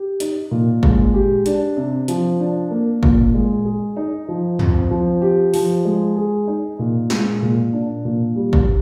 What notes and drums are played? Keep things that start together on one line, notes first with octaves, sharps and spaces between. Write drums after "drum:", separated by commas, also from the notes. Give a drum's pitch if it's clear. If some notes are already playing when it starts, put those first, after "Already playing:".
Already playing: G4
D#4, drum: hi-hat
A#2
G#3, drum: kick
G4
D4, drum: hi-hat
C3
F3, drum: hi-hat
D4
A#3
A#2, drum: kick
G#3
G#4
D#4
F3
C4, drum: tom
F3
G4
F3, drum: open hi-hat
G#3
G#4
D#4
A#2
G#3, drum: snare
A#2
D4
A#2
G3
drum: kick